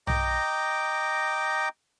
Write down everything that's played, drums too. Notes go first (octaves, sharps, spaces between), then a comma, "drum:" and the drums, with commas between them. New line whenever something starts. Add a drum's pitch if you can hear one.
D#5 G5 A#5 D6, drum: tom